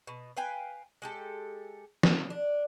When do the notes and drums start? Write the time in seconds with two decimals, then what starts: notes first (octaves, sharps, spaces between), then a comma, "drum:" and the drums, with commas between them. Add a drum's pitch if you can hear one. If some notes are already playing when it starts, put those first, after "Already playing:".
0.07 B2
0.37 B4 F5 G5 G#5
1.02 G#3 G4 A4
2.03 drum: snare
2.30 D4